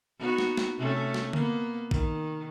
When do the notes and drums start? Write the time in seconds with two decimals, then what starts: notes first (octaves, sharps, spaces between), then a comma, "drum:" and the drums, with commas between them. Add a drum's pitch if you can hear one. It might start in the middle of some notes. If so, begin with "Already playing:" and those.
0.18 B3 D#4 F#4
0.38 drum: snare
0.57 drum: snare
0.77 C3 A3 C#4
1.14 drum: snare
1.33 A#3 B3, drum: tom D3
1.91 D#3, drum: kick A1